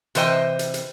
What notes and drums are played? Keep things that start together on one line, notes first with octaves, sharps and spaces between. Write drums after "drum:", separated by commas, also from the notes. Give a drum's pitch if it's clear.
C3 E3 C5 D#5 G5, drum: hi-hat
drum: hi-hat
drum: hi-hat